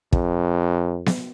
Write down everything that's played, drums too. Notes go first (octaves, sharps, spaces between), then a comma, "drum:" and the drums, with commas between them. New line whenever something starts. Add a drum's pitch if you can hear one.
F2, drum: kick
drum: snare B3